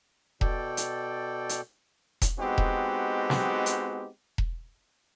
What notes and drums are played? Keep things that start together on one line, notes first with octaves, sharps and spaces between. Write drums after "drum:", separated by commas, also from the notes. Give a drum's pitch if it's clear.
B2 A4 D5 G5, drum: kick E1
drum: hi-hat
drum: hi-hat
drum: kick E1, hi-hat
G#3 B3 C4 D#4 F#4 G4
drum: kick E1
drum: snare
drum: hi-hat
drum: kick E1